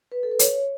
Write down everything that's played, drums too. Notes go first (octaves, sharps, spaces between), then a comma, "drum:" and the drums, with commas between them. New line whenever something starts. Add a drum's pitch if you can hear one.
B4
A4
B4
C#5, drum: hi-hat